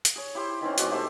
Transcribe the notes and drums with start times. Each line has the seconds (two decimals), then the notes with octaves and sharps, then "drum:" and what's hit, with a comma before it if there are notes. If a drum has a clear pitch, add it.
0.05 drum: hi-hat
0.16 G#4 C#5
0.35 E4 G4 C5
0.61 D#3 E3 C4 C#4
0.78 B2 G#3 F#4 D6, drum: hi-hat
0.91 A3 C4 G4 E5